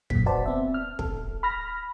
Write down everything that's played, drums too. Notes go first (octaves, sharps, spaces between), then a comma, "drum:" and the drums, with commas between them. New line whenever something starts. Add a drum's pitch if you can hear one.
F#2 A#2 B6, drum: kick
F#4 B4 C5 D5 A5
B3 C4 E5
F6
A4, drum: kick
B5 F6 A#6